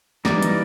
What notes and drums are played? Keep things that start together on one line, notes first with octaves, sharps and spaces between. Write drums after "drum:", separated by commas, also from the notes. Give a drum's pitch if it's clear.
E3 G3 A#3 D#4 D5, drum: snare
drum: hi-hat